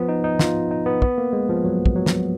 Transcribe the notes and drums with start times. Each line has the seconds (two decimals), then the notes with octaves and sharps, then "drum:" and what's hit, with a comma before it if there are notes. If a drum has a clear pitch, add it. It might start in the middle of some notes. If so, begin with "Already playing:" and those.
Already playing: F3 B3
0.09 D#4
0.24 D#4
0.39 F4, drum: snare
0.71 D#4
0.86 B3
1.02 B3, drum: kick
1.18 A#3
1.33 G#3
1.49 F3
1.65 F#3
1.86 drum: kick
1.96 F#3
2.06 drum: snare